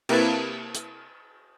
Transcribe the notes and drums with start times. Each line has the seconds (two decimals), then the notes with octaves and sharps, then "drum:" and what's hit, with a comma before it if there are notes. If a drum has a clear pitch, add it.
0.09 C3 A#3 E4 B4 A5 G#6, drum: cymbal
0.75 drum: hi-hat